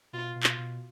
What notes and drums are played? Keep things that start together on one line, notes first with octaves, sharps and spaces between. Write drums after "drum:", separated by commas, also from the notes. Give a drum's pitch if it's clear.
B2 F4
B2
F4, drum: clap
B2